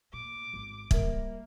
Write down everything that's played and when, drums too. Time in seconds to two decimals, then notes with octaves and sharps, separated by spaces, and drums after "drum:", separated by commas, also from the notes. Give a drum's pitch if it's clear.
0.13 A#2 D6
0.53 G#1
0.91 G3 G#3 A#3 A#4 E5, drum: kick